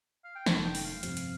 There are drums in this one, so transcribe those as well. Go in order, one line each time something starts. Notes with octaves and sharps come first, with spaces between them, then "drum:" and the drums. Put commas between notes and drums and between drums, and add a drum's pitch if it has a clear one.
F5
G5
F1 D#2 D#3 A3 A5, drum: snare
G5
drum: open hi-hat
F5
G1 F2 C3 F3, drum: hi-hat
drum: hi-hat